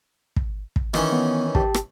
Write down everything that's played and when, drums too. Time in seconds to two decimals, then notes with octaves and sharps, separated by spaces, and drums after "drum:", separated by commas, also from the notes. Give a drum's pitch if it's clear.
0.36 drum: kick
0.76 drum: kick
0.94 D#3 E3 C#4, drum: rim click
1.12 B3
1.55 G4 A5, drum: kick
1.74 drum: rim click